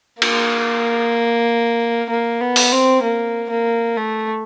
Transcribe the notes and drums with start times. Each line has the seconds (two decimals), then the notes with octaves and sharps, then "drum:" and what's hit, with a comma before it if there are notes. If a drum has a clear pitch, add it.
0.22 A#3, drum: cymbal
2.09 A#3
2.41 B3
2.56 drum: open hi-hat
2.72 C4
3.03 A#3
3.50 A#3
3.96 A3